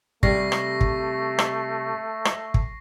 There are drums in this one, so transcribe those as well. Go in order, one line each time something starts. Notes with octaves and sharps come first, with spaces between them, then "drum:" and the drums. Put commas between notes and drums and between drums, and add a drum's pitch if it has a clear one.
C3 G3 A3 C#6 A#6 C7, drum: kick
drum: rim click
drum: kick
drum: rim click
drum: rim click
drum: kick